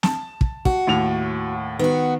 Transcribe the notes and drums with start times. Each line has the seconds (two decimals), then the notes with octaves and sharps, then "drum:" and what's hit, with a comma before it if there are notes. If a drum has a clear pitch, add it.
0.03 A5, drum: snare
0.41 drum: kick
0.65 F#4, drum: kick
0.87 D#2 A2 F7
1.79 D#3 B3 F#4